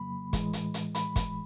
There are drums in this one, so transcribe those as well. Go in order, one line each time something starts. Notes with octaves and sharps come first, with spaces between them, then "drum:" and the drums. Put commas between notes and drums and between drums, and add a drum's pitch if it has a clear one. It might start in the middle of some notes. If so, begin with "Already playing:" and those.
Already playing: F2 C#3 F#3 A#3 B5
A2 E3 G#3, drum: kick, hi-hat
drum: hi-hat
drum: hi-hat
B5, drum: hi-hat
drum: kick, hi-hat